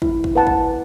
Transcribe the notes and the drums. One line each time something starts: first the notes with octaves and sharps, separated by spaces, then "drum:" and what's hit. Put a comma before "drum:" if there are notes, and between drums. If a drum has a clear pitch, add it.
E4, drum: kick
drum: kick
B4 F#5 A5
drum: kick